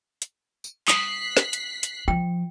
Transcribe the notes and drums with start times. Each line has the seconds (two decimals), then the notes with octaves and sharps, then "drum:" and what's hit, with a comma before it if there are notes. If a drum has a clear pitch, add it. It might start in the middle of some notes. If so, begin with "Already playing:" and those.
0.22 drum: hi-hat
0.64 drum: tambourine
0.88 D#6 F#6 B6 C7, drum: clap
1.37 drum: snare
1.53 drum: hi-hat
1.83 drum: hi-hat
2.08 F3 G5